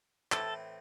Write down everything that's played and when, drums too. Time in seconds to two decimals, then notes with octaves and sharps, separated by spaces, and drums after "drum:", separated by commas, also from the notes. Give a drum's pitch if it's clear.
0.32 A2 E3 C4 E4 A4, drum: clap